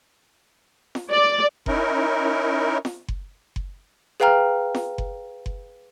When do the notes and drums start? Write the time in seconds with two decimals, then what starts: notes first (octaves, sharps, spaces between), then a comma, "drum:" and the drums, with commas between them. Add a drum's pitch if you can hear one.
0.95 drum: snare F4
1.10 D5
1.66 C#4 D#4 E4 A#4, drum: kick F#1
2.85 drum: snare F4
3.08 drum: kick F#1
3.56 drum: kick F#1
4.20 G#4 B4 F5 G5 A#5 F6
4.75 drum: snare F4
4.98 drum: kick F#1
5.46 drum: kick F#1